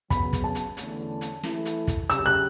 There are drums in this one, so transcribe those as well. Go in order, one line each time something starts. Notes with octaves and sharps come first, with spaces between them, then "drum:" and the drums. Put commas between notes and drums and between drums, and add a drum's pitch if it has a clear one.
C#3 F#3 B3 B5, drum: kick, hi-hat
drum: kick, hi-hat
A5
drum: hi-hat
E2 D3 A3 C#4, drum: hi-hat
drum: hi-hat
E3 A3 E4 A4, drum: snare
drum: hi-hat
drum: kick, hi-hat
C#3 F#3 C#4 G4 E6, drum: hi-hat
F#6